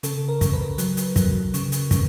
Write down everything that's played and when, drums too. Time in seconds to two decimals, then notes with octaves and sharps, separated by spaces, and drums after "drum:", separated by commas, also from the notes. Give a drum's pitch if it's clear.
0.03 C#3 A4, drum: hi-hat
0.28 A#4
0.41 C#3, drum: kick, hi-hat
0.53 B4
0.78 F#3, drum: hi-hat
0.97 drum: hi-hat
1.16 F#3, drum: kick, hi-hat
1.54 C#3, drum: hi-hat
1.72 drum: hi-hat
1.91 C#3, drum: kick, hi-hat